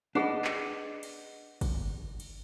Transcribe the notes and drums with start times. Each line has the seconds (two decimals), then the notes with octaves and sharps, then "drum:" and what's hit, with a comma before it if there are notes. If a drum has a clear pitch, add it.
0.15 D4 G#4 B4 D#5 F#5
0.45 drum: clap
1.03 drum: cymbal
1.61 drum: kick, cymbal
2.20 drum: cymbal